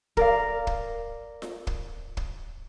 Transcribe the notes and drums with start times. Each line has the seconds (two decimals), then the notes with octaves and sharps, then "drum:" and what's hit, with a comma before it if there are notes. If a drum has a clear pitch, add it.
0.17 A#4 D5 F5, drum: kick
0.67 drum: kick
1.42 drum: snare F4
1.67 drum: kick
2.17 drum: kick